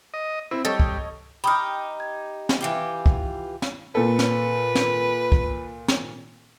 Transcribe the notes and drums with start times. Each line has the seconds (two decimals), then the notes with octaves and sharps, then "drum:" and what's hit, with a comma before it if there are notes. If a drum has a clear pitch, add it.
0.14 D#5
0.51 C4 E4
0.65 G3 A4 C#5 D#5
0.80 drum: kick
1.44 D#4 G4 B5 D#6 F6
2.00 G#6
2.49 drum: snare
2.61 E3 F4 G4
3.06 drum: kick
3.62 drum: snare
3.95 A#2 A4 B4
4.19 drum: snare
4.75 drum: snare
5.32 drum: kick
5.88 drum: snare